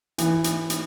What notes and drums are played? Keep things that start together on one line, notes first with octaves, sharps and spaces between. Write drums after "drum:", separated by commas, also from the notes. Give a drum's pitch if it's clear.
E3, drum: hi-hat
drum: hi-hat
drum: hi-hat